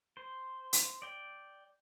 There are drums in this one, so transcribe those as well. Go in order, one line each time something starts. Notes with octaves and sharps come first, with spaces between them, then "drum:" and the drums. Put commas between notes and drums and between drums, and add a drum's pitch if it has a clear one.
C5
drum: hi-hat
D5 G5